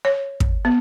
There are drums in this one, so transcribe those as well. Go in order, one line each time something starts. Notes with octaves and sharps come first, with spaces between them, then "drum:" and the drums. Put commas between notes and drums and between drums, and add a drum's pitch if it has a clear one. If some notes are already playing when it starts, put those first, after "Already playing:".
C#5
drum: kick
B3